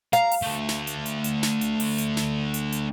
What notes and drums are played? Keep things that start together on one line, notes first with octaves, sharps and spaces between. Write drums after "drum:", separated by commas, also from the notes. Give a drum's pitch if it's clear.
F5 A#5, drum: hi-hat
drum: open hi-hat
D3 A3
drum: snare
drum: hi-hat
drum: hi-hat
drum: hi-hat
drum: snare
drum: hi-hat
drum: open hi-hat
drum: hi-hat
drum: snare
drum: hi-hat
drum: hi-hat